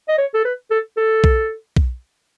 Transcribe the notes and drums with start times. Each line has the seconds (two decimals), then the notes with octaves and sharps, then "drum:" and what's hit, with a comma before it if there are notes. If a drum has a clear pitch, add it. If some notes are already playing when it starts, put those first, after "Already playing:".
0.09 D#5
0.18 C#5
0.34 A4
0.45 B4
0.71 A4
0.97 A4
1.24 drum: kick B1
1.77 drum: kick B1